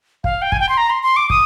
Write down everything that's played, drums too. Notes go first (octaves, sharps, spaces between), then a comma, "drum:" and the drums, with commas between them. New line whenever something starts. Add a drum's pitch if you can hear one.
F5, drum: kick
G5
G#5, drum: kick
G5
C6
A#5
C6
C6
D6
D#6, drum: kick